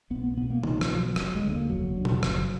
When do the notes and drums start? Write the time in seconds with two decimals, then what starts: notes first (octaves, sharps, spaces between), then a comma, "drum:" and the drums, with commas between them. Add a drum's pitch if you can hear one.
0.10 B1 B3
0.24 B3
0.37 B2 B3
0.50 A#3
0.63 B1 D#3, drum: tom B2
0.81 F3, drum: rim click
0.90 B2
0.99 F#3
1.16 F1 F#3, drum: rim click
1.35 G#3
1.43 D3
1.48 D#2 A#3
1.69 F1 F#3
1.96 D#2 D3
2.05 drum: tom B2
2.23 F#1, drum: rim click